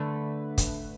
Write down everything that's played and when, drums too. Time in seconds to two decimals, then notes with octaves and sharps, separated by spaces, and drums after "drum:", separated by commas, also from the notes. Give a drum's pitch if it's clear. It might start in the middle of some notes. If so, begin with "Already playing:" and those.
Already playing: D3 A3 B4
0.58 drum: kick, hi-hat